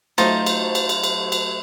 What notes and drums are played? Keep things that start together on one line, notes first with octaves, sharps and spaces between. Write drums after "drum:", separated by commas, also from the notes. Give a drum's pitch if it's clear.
F#3 A3 D#4 F4 C5, drum: cymbal
drum: cymbal
drum: cymbal
drum: cymbal
drum: cymbal
drum: cymbal